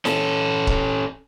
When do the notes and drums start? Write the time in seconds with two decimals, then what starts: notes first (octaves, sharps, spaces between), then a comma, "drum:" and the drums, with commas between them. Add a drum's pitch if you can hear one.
0.05 C#4 A4, drum: snare
0.67 drum: kick C#1